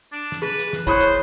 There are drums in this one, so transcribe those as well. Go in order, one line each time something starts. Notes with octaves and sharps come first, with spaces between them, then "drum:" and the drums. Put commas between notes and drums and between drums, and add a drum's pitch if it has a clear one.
D4
drum: snare
G#4 B4
drum: hi-hat
drum: snare
E4 C5 C#5 B5 D#6 F#6, drum: kick, hi-hat
drum: hi-hat